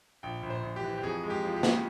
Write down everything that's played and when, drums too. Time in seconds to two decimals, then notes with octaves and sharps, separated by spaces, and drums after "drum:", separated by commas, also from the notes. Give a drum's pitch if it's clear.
0.23 A#1 G5
0.43 A#1
0.50 C5
0.63 A#1
0.76 G4
0.83 E3
0.98 G4
1.03 F2 G#4
1.24 G#3
1.30 G4
1.43 F3
1.56 G4
1.63 C#3, drum: snare